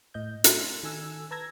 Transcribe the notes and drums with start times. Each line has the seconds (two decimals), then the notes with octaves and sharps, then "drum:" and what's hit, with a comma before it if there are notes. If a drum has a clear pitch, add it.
0.14 A2 D#5 G6
0.44 A4 C6, drum: hi-hat
0.83 D#3 A4 G#5 E6
1.31 B4 A5 A#5 E6 G#6 A#6